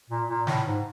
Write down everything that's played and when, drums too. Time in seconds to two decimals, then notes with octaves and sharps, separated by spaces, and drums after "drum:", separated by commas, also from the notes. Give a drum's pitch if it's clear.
0.10 A#2
0.29 A#2
0.47 A2, drum: snare
0.66 G#2